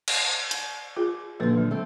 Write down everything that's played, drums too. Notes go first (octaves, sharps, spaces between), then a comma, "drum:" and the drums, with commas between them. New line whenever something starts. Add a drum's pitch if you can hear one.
drum: cymbal
drum: hi-hat
F4 G#4
A#2 D3 F3 A4 B4
F#3
A3 C4 A4